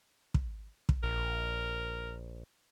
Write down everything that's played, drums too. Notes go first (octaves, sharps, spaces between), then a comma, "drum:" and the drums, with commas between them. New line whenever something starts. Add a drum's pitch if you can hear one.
drum: kick
drum: kick
A#1 A#4